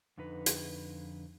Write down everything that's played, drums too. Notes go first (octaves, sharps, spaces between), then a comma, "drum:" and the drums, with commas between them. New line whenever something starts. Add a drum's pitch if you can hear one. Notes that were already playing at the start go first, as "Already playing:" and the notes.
F2 D3 D#4 B4
drum: hi-hat